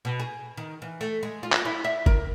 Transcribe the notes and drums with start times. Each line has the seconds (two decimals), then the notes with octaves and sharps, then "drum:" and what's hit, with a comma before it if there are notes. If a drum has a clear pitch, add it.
0.05 B2
0.20 G#4
0.57 D#3
0.82 E3
1.01 A3
1.23 G#3
1.43 F4
1.52 drum: clap
1.65 E4
1.84 E5
2.06 A#4, drum: kick G#1